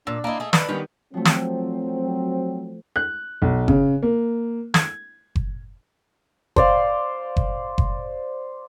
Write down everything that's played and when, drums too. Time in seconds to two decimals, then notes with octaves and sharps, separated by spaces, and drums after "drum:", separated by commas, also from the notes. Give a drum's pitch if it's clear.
0.07 A#2 D4 E6
0.24 A#3 E4 D#5 A5
0.40 A3 G#4
0.53 D4 B4, drum: snare
0.69 D#3 G3 B3 C#4
1.14 F3 F#3 A3 C4
1.25 drum: snare
2.96 F#6
3.42 B1
3.68 C#3, drum: kick F#1
4.03 A#3
4.74 G#6, drum: snare
5.36 drum: kick F#1
6.56 C5 D5 F5, drum: kick F#1
7.37 drum: kick F#1
7.78 drum: kick F#1